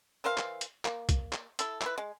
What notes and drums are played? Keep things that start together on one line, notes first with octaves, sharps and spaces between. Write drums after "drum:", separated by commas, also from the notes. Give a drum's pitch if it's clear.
E3 A#4 C5 F5
drum: clap
drum: hi-hat
A#3, drum: clap
drum: kick, hi-hat
drum: clap
E4 A4, drum: hi-hat
E4 B4, drum: clap
G#3